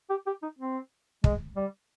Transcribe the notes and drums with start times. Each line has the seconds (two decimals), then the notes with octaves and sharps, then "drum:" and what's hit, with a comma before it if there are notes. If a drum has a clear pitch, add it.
0.10 G4
0.27 G4
0.42 D#4
0.59 C4
1.24 G#3, drum: kick
1.56 G3